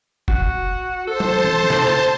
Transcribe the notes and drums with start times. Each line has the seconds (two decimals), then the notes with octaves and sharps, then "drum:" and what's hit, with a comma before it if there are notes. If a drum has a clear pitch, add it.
0.28 F#4, drum: kick
1.07 A4 C5 A5
1.20 drum: tom F#3
1.44 drum: tom
1.70 drum: snare
1.87 drum: rim click